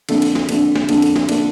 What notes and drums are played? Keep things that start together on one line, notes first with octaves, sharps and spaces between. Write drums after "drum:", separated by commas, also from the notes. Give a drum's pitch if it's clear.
F2 D3 A3 D4, drum: cymbal
drum: cymbal
drum: snare
F2 D3 A3 D4, drum: cymbal
drum: snare
F2 D3 A3 D4, drum: cymbal
drum: cymbal
drum: snare
D3 A3 D4, drum: cymbal